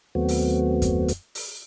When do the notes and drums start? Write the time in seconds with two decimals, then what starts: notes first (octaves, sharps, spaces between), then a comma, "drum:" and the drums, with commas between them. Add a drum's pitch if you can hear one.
0.15 D#2 F#3 A3 B3 C4 F#4
0.28 drum: open hi-hat
0.82 drum: kick F#2, hi-hat
1.08 drum: hi-hat
1.35 drum: open hi-hat